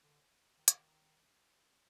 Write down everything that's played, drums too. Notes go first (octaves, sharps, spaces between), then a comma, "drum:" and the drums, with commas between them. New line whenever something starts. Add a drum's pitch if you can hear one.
D3
D#3
D3, drum: hi-hat
D#3